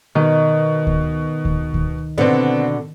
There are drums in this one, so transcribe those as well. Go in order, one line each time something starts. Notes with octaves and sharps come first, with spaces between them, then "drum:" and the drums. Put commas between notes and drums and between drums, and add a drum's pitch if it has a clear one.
B2 D#3
drum: kick D2
drum: kick D2
drum: kick D2
B2 D3 B3 C4 D4